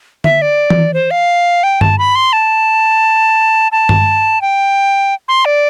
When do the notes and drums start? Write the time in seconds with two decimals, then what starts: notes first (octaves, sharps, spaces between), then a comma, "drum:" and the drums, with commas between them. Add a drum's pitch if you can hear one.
0.24 E5, drum: tom D3
0.42 D5
0.70 drum: tom E3
0.94 C5
1.11 F5
1.63 G5
1.81 A5, drum: tom G2
1.98 B5
2.15 C6
2.33 A5
3.72 A5
3.89 drum: tom G2
4.41 G5
5.28 C6
5.45 D5